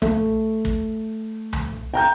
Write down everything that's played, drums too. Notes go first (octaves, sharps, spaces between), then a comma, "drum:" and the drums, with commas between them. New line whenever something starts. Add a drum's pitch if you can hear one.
A3, drum: tom C2
drum: kick
drum: tom C2
G5 A#5 G6